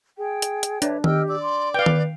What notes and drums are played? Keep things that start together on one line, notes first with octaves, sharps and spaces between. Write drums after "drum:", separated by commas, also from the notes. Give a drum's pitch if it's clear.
G#4 G5
drum: hi-hat
drum: hi-hat
D4 B4 C#5 E5, drum: hi-hat
G4 D#5 G5 E6 F6, drum: tom D#3
D5 D6 E6
C6 D6
B4 F5 G5
drum: tom D#3